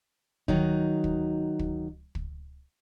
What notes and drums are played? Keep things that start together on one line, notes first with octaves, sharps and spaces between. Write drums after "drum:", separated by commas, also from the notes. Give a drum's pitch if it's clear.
D#3 F#3 D#4, drum: kick
drum: kick
drum: kick
drum: kick